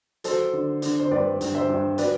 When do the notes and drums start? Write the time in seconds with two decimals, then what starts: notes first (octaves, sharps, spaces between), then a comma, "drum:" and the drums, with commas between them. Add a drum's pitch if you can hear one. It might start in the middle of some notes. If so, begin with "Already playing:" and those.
0.24 F#3 A4 C5, drum: hi-hat
0.53 D3
0.82 D3, drum: hi-hat
1.00 C5
1.11 G2 B4 D5
1.41 G2, drum: hi-hat
1.55 C5 E5
1.69 G2
1.98 F#3 B4 D5, drum: hi-hat